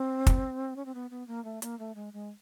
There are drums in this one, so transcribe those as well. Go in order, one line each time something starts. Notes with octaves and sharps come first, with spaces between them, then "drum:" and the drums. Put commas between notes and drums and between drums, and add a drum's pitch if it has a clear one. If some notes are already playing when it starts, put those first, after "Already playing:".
Already playing: C4
drum: kick, hi-hat
C#4
C4
B3
B3
A#3
A3
A#3, drum: hi-hat
A3
G#3
G#3